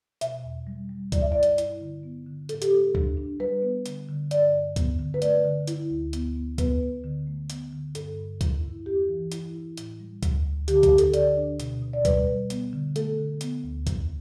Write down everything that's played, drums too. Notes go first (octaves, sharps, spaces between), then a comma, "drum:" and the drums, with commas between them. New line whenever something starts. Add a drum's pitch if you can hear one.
B2 E5, drum: hi-hat
E2
G3
G3
E4 D5, drum: kick C#2, hi-hat
E5
G2 D5
drum: hi-hat
E4, drum: hi-hat
D3
B3
D3
A2 A4, drum: hi-hat
G4, drum: hi-hat
A3 A4
D4, drum: kick C#2
D4
G3 B4
B3
D3, drum: hi-hat
D3
G2 D5, drum: hi-hat
G2
B3, drum: kick C#2, hi-hat
D3
B4
A3 D5, drum: hi-hat
D3
E4, drum: hi-hat
D2
B3, drum: hi-hat
B3
B3 B4, drum: kick C#2, hi-hat
B3
D3
A3
B3, drum: hi-hat
D3
G2 A4, drum: hi-hat
G2
E4, drum: kick C#2, hi-hat
E4
E2 G4
E3
E4, drum: hi-hat
E4
A2, drum: hi-hat
G3
D2, drum: kick C#2, hi-hat
D2
D3 G4, drum: hi-hat
G4, drum: kick C#2, hi-hat
D4
A4, drum: hi-hat
D3 D5, drum: hi-hat
D4
B2, drum: hi-hat
B2
D5
G3 B4, drum: kick C#2, hi-hat
G3
B3, drum: hi-hat
D3
A3 A4, drum: hi-hat
D3
B3, drum: hi-hat
D2
E2, drum: kick C#2, hi-hat